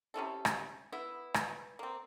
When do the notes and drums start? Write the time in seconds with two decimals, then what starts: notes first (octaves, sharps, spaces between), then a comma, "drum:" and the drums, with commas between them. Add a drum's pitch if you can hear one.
0.14 C3 C#4 E4 A4
0.45 drum: rim click
0.92 B3 E4
1.34 drum: rim click
1.79 A#3 C4